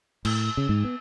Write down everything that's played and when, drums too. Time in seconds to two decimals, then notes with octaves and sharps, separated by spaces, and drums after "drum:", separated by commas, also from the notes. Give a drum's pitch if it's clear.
0.25 A2, drum: cymbal
0.57 C#3
0.69 G#2
0.84 B3